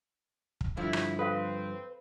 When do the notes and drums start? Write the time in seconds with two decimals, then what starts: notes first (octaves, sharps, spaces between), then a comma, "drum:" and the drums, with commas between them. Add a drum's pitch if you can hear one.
0.61 drum: kick
0.77 G2 D3 F3 E4
0.93 drum: rim click
1.19 C4 A4 B4 F5